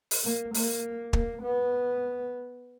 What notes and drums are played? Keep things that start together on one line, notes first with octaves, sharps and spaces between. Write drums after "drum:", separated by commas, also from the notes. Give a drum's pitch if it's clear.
drum: open hi-hat
A#3
A#3, drum: open hi-hat
A#3, drum: kick
B3